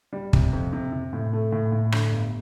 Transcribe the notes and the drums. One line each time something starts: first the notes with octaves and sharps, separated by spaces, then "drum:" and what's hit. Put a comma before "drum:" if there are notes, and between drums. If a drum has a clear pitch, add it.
G3
C3, drum: kick
F2
C3
C3
A2
A3
A2
A2
D3, drum: rim click
G1